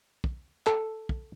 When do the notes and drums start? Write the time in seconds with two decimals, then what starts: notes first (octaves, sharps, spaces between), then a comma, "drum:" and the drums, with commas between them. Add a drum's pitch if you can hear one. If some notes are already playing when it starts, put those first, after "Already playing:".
0.24 drum: kick
0.67 A4, drum: clap
1.09 drum: kick